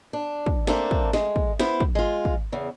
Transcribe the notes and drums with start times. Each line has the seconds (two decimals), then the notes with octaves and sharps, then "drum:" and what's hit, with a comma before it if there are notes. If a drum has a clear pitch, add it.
0.13 D4
0.46 drum: kick
0.67 A3 A#3 C4 D4, drum: snare
0.91 drum: kick
1.13 G#3, drum: snare
1.36 drum: kick
1.59 B3 E4 C5, drum: snare
1.80 drum: kick
1.95 G#3 F4
2.25 drum: kick
2.52 E2 C#3